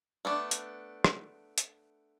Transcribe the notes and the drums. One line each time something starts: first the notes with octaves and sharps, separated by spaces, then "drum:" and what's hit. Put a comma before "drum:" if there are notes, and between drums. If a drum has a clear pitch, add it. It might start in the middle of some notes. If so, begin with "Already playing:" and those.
A3 B3 D4
drum: hi-hat
drum: rim click
drum: hi-hat